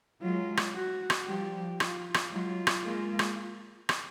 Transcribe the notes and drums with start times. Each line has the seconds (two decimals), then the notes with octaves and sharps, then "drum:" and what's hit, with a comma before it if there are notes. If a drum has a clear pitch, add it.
0.22 F#3 G#3 F4
0.57 drum: rim click
0.74 F#4
1.10 drum: rim click
1.27 F3 G3 G4
1.80 F4, drum: rim click
2.14 drum: rim click
2.32 F#3 G#3 F4
2.67 drum: rim click
2.84 G#3 A#3
3.19 drum: rim click
3.89 drum: rim click